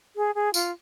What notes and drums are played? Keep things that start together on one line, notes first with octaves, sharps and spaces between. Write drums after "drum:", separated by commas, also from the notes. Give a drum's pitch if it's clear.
G#4
G#4
F4, drum: tambourine